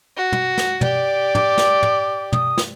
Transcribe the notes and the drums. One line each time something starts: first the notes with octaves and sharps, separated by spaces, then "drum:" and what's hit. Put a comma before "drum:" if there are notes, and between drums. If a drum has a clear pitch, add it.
F#4
drum: tom
drum: snare
G4 D5, drum: tom
D6, drum: tom
drum: snare
drum: tom
D#6, drum: tom
drum: snare